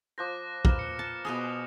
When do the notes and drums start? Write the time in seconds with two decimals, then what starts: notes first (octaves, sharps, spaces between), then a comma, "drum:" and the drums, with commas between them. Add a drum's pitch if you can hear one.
0.18 F3 C5 D6 F#6 A#6
0.65 A#3 B4 F6 E7, drum: kick
0.79 C#7
0.99 A5 C#7
1.25 B2 G#4 B4 G#5 C6 D#6